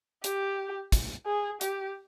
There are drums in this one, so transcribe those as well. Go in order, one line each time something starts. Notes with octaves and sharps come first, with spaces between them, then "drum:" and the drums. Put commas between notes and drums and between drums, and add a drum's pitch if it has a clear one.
G4, drum: hi-hat
drum: kick, hi-hat
G#4
G4, drum: hi-hat